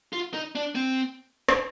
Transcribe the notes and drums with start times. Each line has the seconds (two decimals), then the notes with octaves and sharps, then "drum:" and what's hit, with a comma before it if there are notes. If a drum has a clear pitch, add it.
0.13 F4
0.34 D#4
0.55 D4
0.75 C4
1.49 drum: rim click